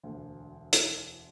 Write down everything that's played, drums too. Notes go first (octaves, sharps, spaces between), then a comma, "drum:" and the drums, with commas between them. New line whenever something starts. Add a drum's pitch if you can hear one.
E1 D2 D3
drum: hi-hat